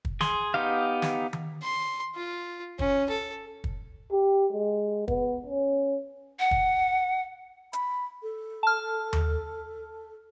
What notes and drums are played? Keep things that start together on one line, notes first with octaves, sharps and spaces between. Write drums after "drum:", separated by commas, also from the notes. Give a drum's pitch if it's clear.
drum: kick
G#4 C6, drum: snare
B3 D#4 G4 F5
drum: snare
drum: tom D#3
C6
F4
C#4, drum: kick
A4
drum: kick
G4
G#3
B3, drum: kick
C#4
F#5
drum: kick
B5, drum: hi-hat
A4
A5 F6
drum: tom D#2